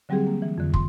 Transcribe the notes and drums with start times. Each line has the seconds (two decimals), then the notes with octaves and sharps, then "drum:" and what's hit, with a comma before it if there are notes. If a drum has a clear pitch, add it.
0.09 D3 F#3 G3 C4 G4 G#4
0.27 A#3
0.42 E3
0.58 F2 D3
0.74 C6, drum: kick